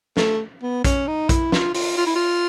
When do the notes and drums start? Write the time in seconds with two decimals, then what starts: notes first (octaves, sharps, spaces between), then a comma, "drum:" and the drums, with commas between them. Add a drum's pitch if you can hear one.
0.17 A3, drum: snare
0.62 B3
0.84 C#4, drum: kick A#1, hi-hat
1.08 D#4
1.29 E4, drum: kick A#1, hi-hat
1.52 F4, drum: snare
1.74 F4, drum: open hi-hat
1.97 F4
2.06 E4
2.15 F4